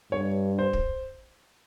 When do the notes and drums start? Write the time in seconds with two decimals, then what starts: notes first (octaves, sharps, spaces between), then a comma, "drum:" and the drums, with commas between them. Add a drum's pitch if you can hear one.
0.12 G2 C#5
0.59 C5
0.73 drum: kick